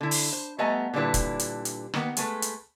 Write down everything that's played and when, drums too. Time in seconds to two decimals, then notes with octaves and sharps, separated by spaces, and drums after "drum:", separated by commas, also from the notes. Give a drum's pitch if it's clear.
0.01 D3 E4
0.11 drum: open hi-hat
0.33 C5
0.59 G3 A3 B3 D#5 G#5 A#5
0.94 A#2 D3 G3 D4 E4 B4
1.14 drum: kick, hi-hat
1.40 drum: hi-hat
1.65 drum: hi-hat
1.94 D#3 A#3 B3, drum: rim click
2.17 G#3 A3 B4, drum: hi-hat
2.42 drum: hi-hat